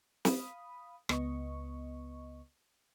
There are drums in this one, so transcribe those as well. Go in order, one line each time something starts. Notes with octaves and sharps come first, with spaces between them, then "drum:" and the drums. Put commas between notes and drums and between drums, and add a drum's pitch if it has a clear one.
F5 B5 D#6, drum: snare
C#2 B3 D#5 C#6, drum: rim click